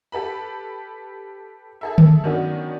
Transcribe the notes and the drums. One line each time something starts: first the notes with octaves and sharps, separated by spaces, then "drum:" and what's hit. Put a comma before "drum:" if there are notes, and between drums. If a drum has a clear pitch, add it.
G4 A4 B4 B5
G#4 A4 E5
drum: tom D3
D#3 F#3 B3 C#4 D4